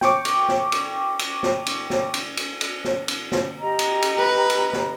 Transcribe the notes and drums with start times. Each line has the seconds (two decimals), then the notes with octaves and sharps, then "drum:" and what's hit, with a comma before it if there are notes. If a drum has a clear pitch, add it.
0.01 G5 C#6 D6, drum: snare
0.25 drum: cymbal
0.49 drum: snare
0.72 drum: cymbal
1.19 drum: cymbal
1.43 drum: snare
1.67 drum: cymbal
1.90 drum: snare
2.14 drum: cymbal
2.37 drum: cymbal
2.61 drum: cymbal
2.84 drum: snare
3.08 drum: cymbal
3.32 drum: snare
3.59 G4 D#5 A#5
3.79 drum: cymbal
4.02 drum: cymbal
4.18 B4
4.50 drum: cymbal
4.73 drum: snare